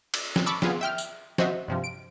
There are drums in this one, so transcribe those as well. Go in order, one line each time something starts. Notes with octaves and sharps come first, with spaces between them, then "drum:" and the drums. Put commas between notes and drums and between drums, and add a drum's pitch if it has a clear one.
drum: cymbal
drum: snare
A5 B5 C#6 D6 E6
B3 F4 G#4, drum: snare
E5 G5 F6
drum: tambourine
F#4 C5 D#5 E5, drum: snare
G2 C3 F3
D7